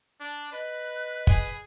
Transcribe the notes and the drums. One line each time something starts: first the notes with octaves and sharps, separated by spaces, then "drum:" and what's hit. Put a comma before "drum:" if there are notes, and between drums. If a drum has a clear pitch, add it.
D4
B4 D#5 F#6
G#4, drum: kick